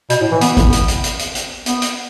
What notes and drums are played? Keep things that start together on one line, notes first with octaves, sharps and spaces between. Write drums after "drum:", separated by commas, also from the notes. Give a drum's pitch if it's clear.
B2, drum: hi-hat
A2
E3
B3, drum: hi-hat
drum: kick G#1, hi-hat
drum: hi-hat
drum: hi-hat
drum: hi-hat
drum: hi-hat
drum: hi-hat
B3, drum: hi-hat
drum: hi-hat